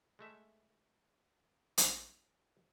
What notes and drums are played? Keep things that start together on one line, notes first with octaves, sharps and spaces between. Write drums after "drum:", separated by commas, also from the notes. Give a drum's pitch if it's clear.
G#3 A3 E5
drum: hi-hat